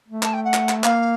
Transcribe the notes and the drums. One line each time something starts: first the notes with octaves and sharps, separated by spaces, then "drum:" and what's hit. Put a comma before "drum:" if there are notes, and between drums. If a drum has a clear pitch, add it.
A3
A5, drum: clap
G5
F#5
drum: clap
drum: clap
A#3 F5, drum: clap